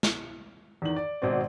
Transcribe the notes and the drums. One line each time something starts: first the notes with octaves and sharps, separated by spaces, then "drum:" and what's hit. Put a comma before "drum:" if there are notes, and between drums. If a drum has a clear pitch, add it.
drum: snare
E2 D#3 F#7
D5
G#1 B2 C4 D5